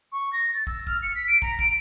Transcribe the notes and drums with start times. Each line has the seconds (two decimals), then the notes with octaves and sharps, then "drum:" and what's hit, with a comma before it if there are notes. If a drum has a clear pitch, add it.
0.12 C#6
0.33 A#6
0.53 A6
0.67 E6, drum: kick
0.87 F6, drum: kick
1.03 C#7
1.15 B6
1.27 D7
1.42 A#5, drum: kick
1.59 D7, drum: kick